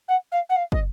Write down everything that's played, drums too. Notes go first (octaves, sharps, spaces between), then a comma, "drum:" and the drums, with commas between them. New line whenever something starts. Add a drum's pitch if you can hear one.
F#5
F5
F#5
F5
D#5, drum: kick